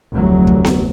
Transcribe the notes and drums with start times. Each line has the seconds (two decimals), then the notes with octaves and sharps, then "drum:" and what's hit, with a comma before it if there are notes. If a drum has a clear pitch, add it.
0.13 F1 D2 F#3
0.47 drum: kick
0.65 drum: snare B3